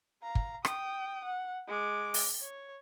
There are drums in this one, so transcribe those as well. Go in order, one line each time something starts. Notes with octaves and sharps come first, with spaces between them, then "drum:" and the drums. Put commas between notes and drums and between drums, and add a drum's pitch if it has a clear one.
F5 A#5
drum: kick
G5 D#6, drum: rim click
F#5
G#3 D6
drum: open hi-hat
C#5